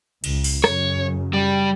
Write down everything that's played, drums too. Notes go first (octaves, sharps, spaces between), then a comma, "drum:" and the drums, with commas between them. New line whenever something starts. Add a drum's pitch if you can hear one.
C#2, drum: cymbal
drum: open hi-hat
F#2 C#3 C#5, drum: rim click
G3